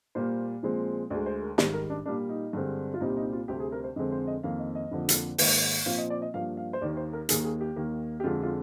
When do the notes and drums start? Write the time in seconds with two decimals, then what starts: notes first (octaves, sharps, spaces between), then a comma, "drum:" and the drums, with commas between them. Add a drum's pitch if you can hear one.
0.15 A#2 G3 A#3 C5
0.63 A#2 F3 G#3 C4
1.10 D2 D3 G#3 D5
1.26 C5
1.42 A#4
1.58 G#2 D#3 G3 C5, drum: snare
1.73 A#4
1.90 D4
2.05 A#2 G3 A#3 D4
2.29 D#4
2.53 G2 D3 G#3 C4
2.94 F4
3.01 C2 A#2 G3 C4 D#4
3.17 D#4
3.33 F4
3.48 D2 C3 G3 C4 G4
3.60 G#4
3.72 A#4
3.84 C5
3.96 F2 D3 G#3 C4 D#5
4.12 C5
4.27 D#5
4.43 F2 D#3 A#3 F5
4.59 D#5
4.75 D#5
4.91 F2 D3 F3 A#3
5.09 drum: hi-hat
5.38 G#2 D#3 A#3, drum: open hi-hat
5.86 A#2 F3 C4 F5
5.98 D#5
6.10 D5
6.22 D#5
6.34 G2 F3 A#3 F5
6.57 F5
6.73 C5
6.81 D#2 D#3 A#3 D5
6.97 C5
7.13 A#4
7.29 D#2 D#3 A#3 G#4, drum: hi-hat
7.44 G#4
7.61 G4
7.76 D#2 D#3 A#3
8.20 G4
8.24 F2 D3 G#3 F4
8.43 F4